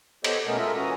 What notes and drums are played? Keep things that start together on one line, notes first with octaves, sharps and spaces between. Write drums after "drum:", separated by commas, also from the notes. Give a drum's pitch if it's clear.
B3 G4 A4 C5 C#5 D#5, drum: cymbal
B2 G#3 A3 B3 C#4 A#4
G#3 F4 A4 A#4 D#5 E5
A#2 E3 C#4 F#4 A#5 D#6